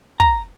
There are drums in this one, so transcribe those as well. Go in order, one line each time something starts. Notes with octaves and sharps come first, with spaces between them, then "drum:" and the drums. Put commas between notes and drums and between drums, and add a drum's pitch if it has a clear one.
A#5, drum: kick